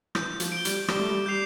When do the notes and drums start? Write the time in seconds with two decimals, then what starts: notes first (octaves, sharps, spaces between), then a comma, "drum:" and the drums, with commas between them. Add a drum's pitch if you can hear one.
0.15 E3 G6, drum: rim click
0.40 F3, drum: hi-hat
0.52 D7
0.57 G7
0.65 G3, drum: hi-hat
0.88 G3 D6, drum: rim click
0.99 A3
1.09 G3
1.26 G3 G6 C7 F7